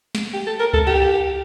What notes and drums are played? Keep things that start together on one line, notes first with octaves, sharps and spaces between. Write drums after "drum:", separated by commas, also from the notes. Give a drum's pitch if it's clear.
drum: snare
G4
A4
A#4
A4, drum: kick C#2
G4